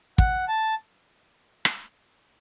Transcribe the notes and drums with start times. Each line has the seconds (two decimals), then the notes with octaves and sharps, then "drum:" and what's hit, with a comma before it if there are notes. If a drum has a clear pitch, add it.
0.18 F#5, drum: kick
0.48 A5
1.65 drum: rim click